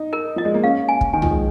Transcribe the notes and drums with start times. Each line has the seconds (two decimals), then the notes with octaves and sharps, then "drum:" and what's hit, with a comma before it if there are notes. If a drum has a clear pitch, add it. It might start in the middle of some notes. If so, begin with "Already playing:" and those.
Already playing: D#4
0.13 A#4
0.36 F3 D#5
0.45 G#3
0.54 A#3
0.64 C#4 F5
0.89 G#5
1.01 drum: kick
1.13 D#3 G#5
1.22 F3, drum: tom C2
1.30 G#3